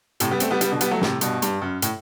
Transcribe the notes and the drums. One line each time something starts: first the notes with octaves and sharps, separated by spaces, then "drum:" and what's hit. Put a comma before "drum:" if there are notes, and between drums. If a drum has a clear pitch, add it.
A2 C3, drum: hi-hat
G3 B3
A3 C4, drum: hi-hat
G3 B3
G3 B3, drum: hi-hat
B2 D3
G3 B3, drum: hi-hat
F#3 A3
A2 C3, drum: snare
G2 B2, drum: hi-hat
G2, drum: hi-hat
F#2
A2, drum: hi-hat